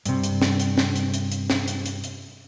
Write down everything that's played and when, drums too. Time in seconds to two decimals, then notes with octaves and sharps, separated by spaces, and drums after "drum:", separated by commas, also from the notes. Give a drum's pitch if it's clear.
0.06 G2 C3, drum: hi-hat
0.24 drum: hi-hat
0.42 drum: snare
0.60 drum: hi-hat
0.78 drum: snare
0.96 drum: hi-hat
1.14 drum: hi-hat
1.32 drum: hi-hat
1.50 drum: snare
1.68 drum: hi-hat
1.86 drum: hi-hat
2.04 drum: hi-hat